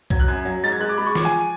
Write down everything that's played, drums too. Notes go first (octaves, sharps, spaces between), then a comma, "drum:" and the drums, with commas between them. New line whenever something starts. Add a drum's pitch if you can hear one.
F#3 G#6, drum: kick
F#6
F#2 G#6
F#3
G#2 A6
G#6
G#3 F#6
D6
G#3 B5
C#6
F3 D6, drum: snare
G#5